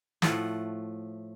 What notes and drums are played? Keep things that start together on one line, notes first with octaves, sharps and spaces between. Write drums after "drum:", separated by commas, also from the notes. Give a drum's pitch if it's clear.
A2 F3 A3 F#5, drum: snare